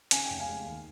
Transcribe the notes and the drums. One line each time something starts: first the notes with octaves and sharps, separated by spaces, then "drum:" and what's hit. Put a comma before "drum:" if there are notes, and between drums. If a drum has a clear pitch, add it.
C#3 G#5, drum: hi-hat
F1 G5
F5 G#5
G#3
D#2